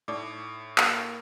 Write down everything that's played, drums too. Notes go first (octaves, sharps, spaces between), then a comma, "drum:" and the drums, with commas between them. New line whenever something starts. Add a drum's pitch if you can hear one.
A2 D#4 D5 D6
A#3, drum: clap